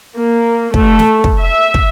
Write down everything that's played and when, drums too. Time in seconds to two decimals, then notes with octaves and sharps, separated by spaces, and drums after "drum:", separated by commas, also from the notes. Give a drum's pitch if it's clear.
0.17 A#3
0.74 A3, drum: kick
0.99 drum: snare
1.24 drum: kick
1.40 E5
1.74 drum: kick